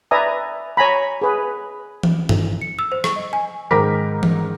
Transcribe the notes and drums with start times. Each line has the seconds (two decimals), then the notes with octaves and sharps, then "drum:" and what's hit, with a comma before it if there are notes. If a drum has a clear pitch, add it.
0.11 B4 D5 E5 G#5 A#5 D#6
0.77 C#5 G#5 A#5 B5
1.22 G#4 B4
2.03 drum: tom E3
2.29 drum: tom G2
2.62 C#7
2.79 E6
2.92 C5
3.04 C#6, drum: rim click
3.16 D#5
3.33 G#5
3.71 G#2 D#3 A#4 A#5 D6 B6
4.23 drum: tom E3